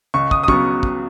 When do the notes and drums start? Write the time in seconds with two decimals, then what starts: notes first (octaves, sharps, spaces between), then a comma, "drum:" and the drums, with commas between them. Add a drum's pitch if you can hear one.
0.14 C#2 C#6
0.31 D#6, drum: kick
0.43 D#6
0.48 C#3 F#3 B3 C#6, drum: kick
0.83 drum: kick